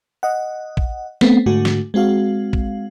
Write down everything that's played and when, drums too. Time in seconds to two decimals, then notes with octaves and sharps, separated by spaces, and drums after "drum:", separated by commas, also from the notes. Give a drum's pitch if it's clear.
0.23 D#5 F#5
0.77 drum: kick
1.21 A3 B3 C4, drum: snare
1.46 G#2 D3 A3 F#4
1.65 drum: snare
1.94 G#3 C4 F#4 F5
2.53 drum: kick